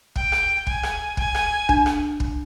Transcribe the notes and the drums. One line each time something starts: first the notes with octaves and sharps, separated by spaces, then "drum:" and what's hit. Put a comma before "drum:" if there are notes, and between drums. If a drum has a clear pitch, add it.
G5, drum: kick
drum: rim click
G#5, drum: kick
drum: rim click
G#5, drum: kick
drum: rim click
D4, drum: kick
drum: rim click
drum: kick